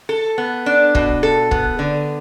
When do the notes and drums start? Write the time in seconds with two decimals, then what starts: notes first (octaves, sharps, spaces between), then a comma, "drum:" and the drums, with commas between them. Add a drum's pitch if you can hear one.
0.09 A4
0.38 B3
0.66 D4
0.95 B2, drum: kick
1.23 A4
1.51 B3, drum: kick
1.79 D3